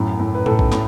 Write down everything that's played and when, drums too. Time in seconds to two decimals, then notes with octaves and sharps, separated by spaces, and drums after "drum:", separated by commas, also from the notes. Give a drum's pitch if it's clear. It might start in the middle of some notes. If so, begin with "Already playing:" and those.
Already playing: F#2 A2
0.20 A2
0.35 B4
0.46 A2 A4, drum: tom A#2
0.59 drum: kick A#1
0.72 A2, drum: clap